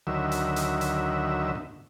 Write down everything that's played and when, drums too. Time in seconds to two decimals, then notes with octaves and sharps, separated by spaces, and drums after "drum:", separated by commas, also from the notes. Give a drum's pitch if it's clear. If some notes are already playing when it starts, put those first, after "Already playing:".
0.07 D2 D#3 F#3 E5
0.32 drum: hi-hat
0.56 drum: hi-hat
0.81 drum: hi-hat
1.55 drum: tom G2